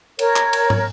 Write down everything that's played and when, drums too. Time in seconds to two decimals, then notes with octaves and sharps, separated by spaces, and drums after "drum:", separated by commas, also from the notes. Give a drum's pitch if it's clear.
0.19 A#4 C#5, drum: cymbal
0.36 drum: clap
0.53 drum: cymbal
0.70 drum: tom